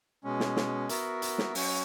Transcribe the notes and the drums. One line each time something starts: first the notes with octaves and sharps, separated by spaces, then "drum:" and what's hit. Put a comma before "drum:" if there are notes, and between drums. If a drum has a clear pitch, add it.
B2 G#3 C#4
drum: snare
drum: snare
B3 F#4 A#4 E5, drum: hi-hat
drum: hi-hat
drum: snare
F#3 C#4 F#4, drum: open hi-hat